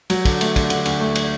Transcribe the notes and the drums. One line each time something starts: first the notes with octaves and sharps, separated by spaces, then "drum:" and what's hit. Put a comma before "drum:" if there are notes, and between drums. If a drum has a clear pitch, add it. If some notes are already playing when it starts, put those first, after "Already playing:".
F#3, drum: cymbal
D3, drum: kick, cymbal
A3, drum: cymbal
D3, drum: kick, cymbal
D3, drum: cymbal
D2, drum: cymbal
A3
drum: cymbal